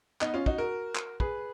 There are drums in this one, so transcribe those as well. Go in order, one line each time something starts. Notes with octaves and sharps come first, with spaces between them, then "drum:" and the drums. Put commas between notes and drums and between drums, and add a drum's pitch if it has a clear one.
B3 D#4, drum: clap
C#4 F4
D#4 F#4, drum: kick
F#4 A#4
drum: clap
G#4 B4, drum: kick